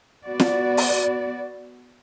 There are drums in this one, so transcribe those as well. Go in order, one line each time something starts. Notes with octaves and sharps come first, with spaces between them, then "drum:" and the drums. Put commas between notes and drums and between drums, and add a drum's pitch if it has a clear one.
B3 F#4 D5
drum: snare
drum: open hi-hat